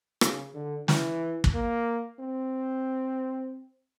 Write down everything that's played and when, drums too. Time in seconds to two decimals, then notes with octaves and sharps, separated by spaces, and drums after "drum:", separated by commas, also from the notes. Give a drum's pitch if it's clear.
0.21 C#3, drum: rim click
0.54 D3
0.88 E3, drum: snare
1.44 drum: kick
1.54 A#3
2.20 C4